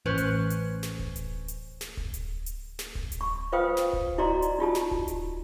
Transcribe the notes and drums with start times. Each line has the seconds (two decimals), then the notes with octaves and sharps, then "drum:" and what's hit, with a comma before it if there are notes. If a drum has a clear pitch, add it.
0.06 A1 C#4 B4 C5
0.18 drum: hi-hat
0.50 drum: hi-hat
0.83 drum: snare
0.99 drum: kick D1
1.16 drum: hi-hat
1.48 drum: hi-hat
1.81 drum: snare
1.97 drum: kick D1
2.14 drum: hi-hat
2.46 drum: hi-hat
2.79 drum: snare
2.95 drum: kick D1
3.12 drum: hi-hat
3.21 C#6
3.52 F4 B4 C5 F5 G5 D#6
3.77 drum: snare
3.93 drum: kick D1
4.18 E4 F#4 D5 D#5 A#5 C6
4.42 drum: hi-hat
4.59 D#4 F4 G4 A5
4.75 drum: snare
4.91 drum: kick D1
5.08 drum: hi-hat